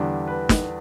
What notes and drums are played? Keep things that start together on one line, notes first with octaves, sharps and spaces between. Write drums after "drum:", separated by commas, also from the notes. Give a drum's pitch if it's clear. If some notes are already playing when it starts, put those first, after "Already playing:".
Already playing: E2 D3 G3 D4
B4
drum: snare